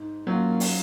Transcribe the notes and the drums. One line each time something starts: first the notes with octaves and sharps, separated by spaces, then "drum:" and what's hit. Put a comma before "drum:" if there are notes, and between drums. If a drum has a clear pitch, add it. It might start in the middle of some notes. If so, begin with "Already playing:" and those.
Already playing: G#2
F#3 A#3 C#4 F4
drum: open hi-hat